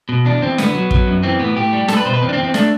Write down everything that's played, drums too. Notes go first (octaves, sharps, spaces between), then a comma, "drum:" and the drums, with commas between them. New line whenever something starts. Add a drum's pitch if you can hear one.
B2
E2 D4
E2 C4
D3 B3, drum: snare
F#3
F#3, drum: kick
F#2
E3 C4
A2 B3
A2 G4
G3
G3 A4, drum: snare
B4
B2 C5
B4
E2 C4
D4
C4
E2
C4
A3 D4, drum: snare